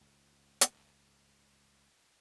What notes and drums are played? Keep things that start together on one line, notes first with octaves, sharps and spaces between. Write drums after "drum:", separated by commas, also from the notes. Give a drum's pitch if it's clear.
C#2 G#2
drum: hi-hat